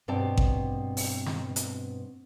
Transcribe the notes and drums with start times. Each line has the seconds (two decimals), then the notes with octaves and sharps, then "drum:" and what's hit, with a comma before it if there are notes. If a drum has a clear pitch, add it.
0.08 G2 B2 C4 D5 A5
0.37 drum: kick A1
0.97 drum: open hi-hat
1.26 drum: snare
1.56 drum: hi-hat